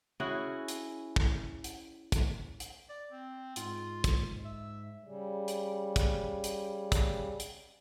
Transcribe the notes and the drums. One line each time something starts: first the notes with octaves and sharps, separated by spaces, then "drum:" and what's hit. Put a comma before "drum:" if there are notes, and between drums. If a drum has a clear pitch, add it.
C#4 E4 F#4 G#4
drum: hi-hat
drum: kick
drum: hi-hat
drum: kick, hi-hat
drum: hi-hat
D5
C4
G#2 F4, drum: hi-hat
drum: kick, hi-hat
E5
C#3 G3
drum: hi-hat
drum: kick, hi-hat
drum: hi-hat
drum: kick, hi-hat
drum: hi-hat